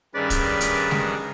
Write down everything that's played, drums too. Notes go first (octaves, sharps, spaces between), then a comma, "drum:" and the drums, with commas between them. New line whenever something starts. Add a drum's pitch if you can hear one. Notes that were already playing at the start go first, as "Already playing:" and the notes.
G2 D#3 C#4 G#4 B4 D5
drum: kick, hi-hat
drum: hi-hat
drum: snare G#3